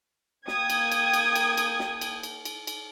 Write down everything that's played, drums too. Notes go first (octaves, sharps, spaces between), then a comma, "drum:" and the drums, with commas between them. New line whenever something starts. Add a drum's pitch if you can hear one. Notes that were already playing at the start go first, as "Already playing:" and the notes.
A#3 G5 D#6 G#6, drum: snare
drum: cymbal
drum: cymbal
drum: cymbal
drum: cymbal
drum: cymbal
drum: snare
drum: cymbal
drum: cymbal
drum: cymbal
drum: cymbal